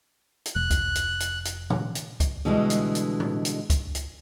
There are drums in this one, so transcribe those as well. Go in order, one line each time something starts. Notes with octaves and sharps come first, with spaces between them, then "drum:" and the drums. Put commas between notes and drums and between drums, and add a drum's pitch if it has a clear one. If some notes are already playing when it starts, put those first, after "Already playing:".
drum: hi-hat
F1 F#6
drum: kick C#2, hi-hat
drum: hi-hat
drum: hi-hat
drum: hi-hat
drum: tom A#2
drum: hi-hat
drum: kick C#2, hi-hat
B2 D3 E3 G3 G#3
drum: hi-hat
drum: hi-hat
drum: tom A2
drum: hi-hat
drum: kick C#2, hi-hat
drum: hi-hat